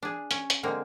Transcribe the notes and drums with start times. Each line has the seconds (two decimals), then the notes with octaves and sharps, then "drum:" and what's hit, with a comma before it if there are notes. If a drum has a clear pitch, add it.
0.03 D4 G#4
0.31 C#4, drum: hi-hat
0.50 drum: hi-hat
0.63 D3 G#3 A#3 C4